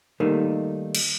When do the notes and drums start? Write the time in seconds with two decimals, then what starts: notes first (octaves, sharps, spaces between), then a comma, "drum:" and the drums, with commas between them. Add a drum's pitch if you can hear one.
0.20 D#3 G3 A3 A#3 D#4
0.95 drum: cymbal